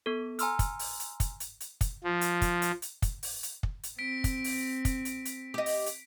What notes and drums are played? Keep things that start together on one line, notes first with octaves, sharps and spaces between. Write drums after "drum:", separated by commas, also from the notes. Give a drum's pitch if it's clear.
B3 A4
G#5 A#5 C6 E6 F6, drum: hi-hat
drum: kick, hi-hat
drum: open hi-hat
drum: hi-hat
drum: kick, hi-hat
drum: hi-hat
drum: hi-hat
drum: kick, hi-hat
F3
drum: hi-hat
drum: kick, hi-hat
drum: hi-hat
drum: hi-hat
drum: kick, hi-hat
drum: open hi-hat
drum: hi-hat
drum: kick
drum: hi-hat
C4 B6 D7
drum: kick, hi-hat
drum: open hi-hat
drum: kick, hi-hat
drum: hi-hat
drum: hi-hat
G4 D#5
drum: open hi-hat
drum: hi-hat